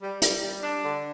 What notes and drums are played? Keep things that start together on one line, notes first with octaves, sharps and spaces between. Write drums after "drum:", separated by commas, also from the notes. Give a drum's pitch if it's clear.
G3
G3, drum: hi-hat
G3
D4
D3